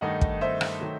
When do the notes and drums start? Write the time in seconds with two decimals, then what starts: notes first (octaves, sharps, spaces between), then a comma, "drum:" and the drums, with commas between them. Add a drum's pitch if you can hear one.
0.01 G2 D#3 A3 D#4 D#5 F#5
0.21 drum: kick
0.41 C5 E5
0.61 drum: rim click
0.80 D#3 F#3 A3